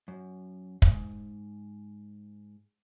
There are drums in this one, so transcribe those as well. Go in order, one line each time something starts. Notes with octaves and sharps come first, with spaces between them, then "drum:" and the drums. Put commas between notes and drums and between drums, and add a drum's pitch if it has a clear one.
F#2
G#2, drum: kick